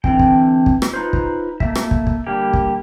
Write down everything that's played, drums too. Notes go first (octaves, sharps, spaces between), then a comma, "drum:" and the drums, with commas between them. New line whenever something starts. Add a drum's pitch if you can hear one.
D3 E3 C4 G5, drum: kick
drum: kick
drum: kick
drum: rim click
D#4 F4 B4 C5
drum: kick
A3 A#3 E5, drum: kick
drum: rim click
drum: kick
drum: kick
D3 G3 A#3 G4
drum: kick